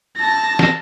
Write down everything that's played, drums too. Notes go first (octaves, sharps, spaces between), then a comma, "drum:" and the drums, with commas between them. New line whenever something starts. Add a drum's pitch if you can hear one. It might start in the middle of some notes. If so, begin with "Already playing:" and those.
A5 A#6
drum: snare